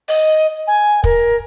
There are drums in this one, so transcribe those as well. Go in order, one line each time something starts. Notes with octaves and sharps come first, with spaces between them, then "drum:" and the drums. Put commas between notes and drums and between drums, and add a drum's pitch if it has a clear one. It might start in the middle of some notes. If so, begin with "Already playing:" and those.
D#5, drum: open hi-hat
G#5
A#4, drum: kick